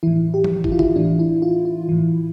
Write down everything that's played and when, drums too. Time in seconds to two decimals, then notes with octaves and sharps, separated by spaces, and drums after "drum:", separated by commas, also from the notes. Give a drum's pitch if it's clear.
0.03 A2 E3 E4
0.34 G4
0.44 drum: tom E3
0.64 E4, drum: kick
0.72 F4
0.79 E4, drum: tom D3
0.96 A2 E3 D4
1.19 E4
1.42 F4
1.65 E4
1.89 A2 E3